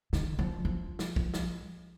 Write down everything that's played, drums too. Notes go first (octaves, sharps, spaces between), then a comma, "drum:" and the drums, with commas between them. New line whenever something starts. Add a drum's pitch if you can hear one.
D#3, drum: snare
F3
F3
drum: snare
drum: kick
drum: snare